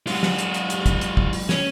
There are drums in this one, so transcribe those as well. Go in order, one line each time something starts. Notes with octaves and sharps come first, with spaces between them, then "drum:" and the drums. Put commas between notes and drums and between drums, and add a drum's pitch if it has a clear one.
F#3 G#3 F4 F#4, drum: open hi-hat
drum: snare
drum: hi-hat
drum: hi-hat
drum: hi-hat
drum: kick, hi-hat
drum: hi-hat
drum: kick
drum: open hi-hat
C#4, drum: snare